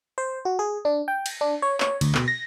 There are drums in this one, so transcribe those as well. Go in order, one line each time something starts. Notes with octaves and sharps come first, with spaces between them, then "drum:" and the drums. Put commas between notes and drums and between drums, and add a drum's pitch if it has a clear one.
C5
F#4
G#4
D4
G5
drum: cymbal
D4
C#5
C#5, drum: clap
D2, drum: cymbal
B2, drum: clap
A#6